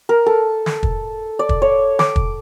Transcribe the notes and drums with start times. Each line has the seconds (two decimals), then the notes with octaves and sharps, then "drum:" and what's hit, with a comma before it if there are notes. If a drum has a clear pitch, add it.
0.09 A#4
0.26 A4
0.66 drum: snare
0.83 drum: kick
1.39 D5
1.49 drum: kick
1.62 C#5
1.99 D6, drum: snare
2.16 drum: kick